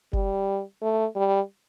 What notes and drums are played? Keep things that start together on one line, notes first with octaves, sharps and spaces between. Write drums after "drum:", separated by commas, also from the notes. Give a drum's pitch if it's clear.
G3, drum: kick F#1
A3
G3